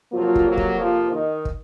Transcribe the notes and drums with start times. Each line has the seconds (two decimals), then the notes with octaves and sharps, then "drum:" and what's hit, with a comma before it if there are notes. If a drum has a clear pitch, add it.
0.13 F2 C3 F3 F#3 A#3 F4
0.35 drum: kick
0.46 F#3 F#4
0.57 drum: kick
0.79 F3 F4
1.12 D#3 D#4
1.45 drum: kick